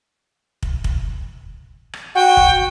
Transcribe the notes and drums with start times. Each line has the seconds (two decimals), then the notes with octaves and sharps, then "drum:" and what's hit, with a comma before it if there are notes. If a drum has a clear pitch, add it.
0.63 drum: kick
0.84 drum: kick
1.93 drum: rim click
2.15 F#4 G5
2.37 drum: kick